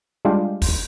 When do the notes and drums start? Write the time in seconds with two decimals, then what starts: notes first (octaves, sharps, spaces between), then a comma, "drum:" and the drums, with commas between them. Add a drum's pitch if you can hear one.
0.25 G3 G#3 D4 F4 G4 F5
0.62 drum: kick, open hi-hat